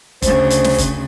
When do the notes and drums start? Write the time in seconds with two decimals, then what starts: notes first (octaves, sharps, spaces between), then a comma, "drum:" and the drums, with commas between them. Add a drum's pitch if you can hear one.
0.22 D2 C#3 C5, drum: kick, hi-hat
0.50 drum: hi-hat
0.64 drum: snare
0.78 drum: kick, hi-hat